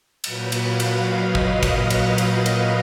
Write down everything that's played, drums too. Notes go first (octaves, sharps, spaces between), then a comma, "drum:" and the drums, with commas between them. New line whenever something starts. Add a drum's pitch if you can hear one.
A#2 F#3 B4, drum: cymbal
drum: cymbal
F5
drum: cymbal
D#5
drum: kick
D#5
drum: kick, cymbal
F5, drum: cymbal
drum: cymbal
drum: cymbal